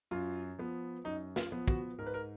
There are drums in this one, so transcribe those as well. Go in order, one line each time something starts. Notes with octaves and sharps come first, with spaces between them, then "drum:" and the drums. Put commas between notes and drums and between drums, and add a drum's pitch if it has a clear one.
F#2 F4
F3 B3
F#2 D#4
F4, drum: snare
F3 B3
F#4, drum: kick
G#2 A#4
B4
A#4